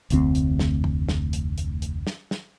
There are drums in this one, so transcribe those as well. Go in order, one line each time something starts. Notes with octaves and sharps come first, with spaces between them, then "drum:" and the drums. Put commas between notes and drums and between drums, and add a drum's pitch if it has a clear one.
F1 D2 C4, drum: hi-hat
drum: hi-hat
drum: snare
drum: tom
drum: snare
drum: hi-hat
drum: hi-hat
drum: hi-hat
drum: snare
drum: snare